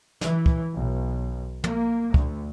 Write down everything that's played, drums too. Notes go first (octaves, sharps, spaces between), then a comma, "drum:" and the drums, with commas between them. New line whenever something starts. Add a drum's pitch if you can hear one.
E3, drum: snare
drum: kick
B1
A#3, drum: tom
D2, drum: kick